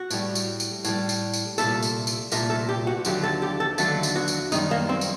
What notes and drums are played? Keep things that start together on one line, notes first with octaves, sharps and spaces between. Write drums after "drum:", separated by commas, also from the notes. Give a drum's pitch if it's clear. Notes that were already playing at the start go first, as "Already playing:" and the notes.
Already playing: F#4
A2 G3, drum: tambourine
drum: tambourine
drum: tambourine
A2 G3, drum: tambourine
drum: tambourine
drum: tambourine
C2 A#2 A3 A4, drum: tambourine
drum: tambourine
drum: tambourine
C2 A#2 A3 A#4, drum: tambourine
A4
G4
F#4
D#2 D3 F#3 A3 G4, drum: tambourine
A4
G4
A4
D#2 D3 F#3 A3 A4, drum: tambourine
drum: tambourine
F#4
drum: tambourine
F#2 D#3 G3 D#4, drum: tambourine
A#3
C4
drum: tambourine